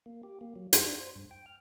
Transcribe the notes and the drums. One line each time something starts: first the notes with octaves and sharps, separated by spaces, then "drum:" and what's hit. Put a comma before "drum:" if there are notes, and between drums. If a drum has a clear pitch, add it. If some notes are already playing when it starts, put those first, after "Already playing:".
A#3
G4
A#3
F#3
F#2, drum: hi-hat
D4
C5
G2
G5
F6